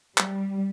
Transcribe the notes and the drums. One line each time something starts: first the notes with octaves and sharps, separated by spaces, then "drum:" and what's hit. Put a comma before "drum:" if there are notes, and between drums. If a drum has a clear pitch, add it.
G3, drum: clap